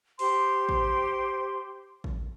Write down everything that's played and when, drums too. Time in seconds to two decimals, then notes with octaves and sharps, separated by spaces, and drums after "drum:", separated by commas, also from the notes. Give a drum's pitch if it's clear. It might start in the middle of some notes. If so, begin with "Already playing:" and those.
0.19 G4 C5 C6, drum: open hi-hat
0.69 drum: kick A1
2.04 drum: kick A1